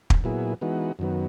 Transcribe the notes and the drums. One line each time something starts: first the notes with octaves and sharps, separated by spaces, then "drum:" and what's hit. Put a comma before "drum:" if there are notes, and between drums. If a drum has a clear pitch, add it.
drum: kick
A#2 F#3 B3 E4 G#4
E3 G#3 B3 D#4 F#4
F#2 D#3 F#3 B3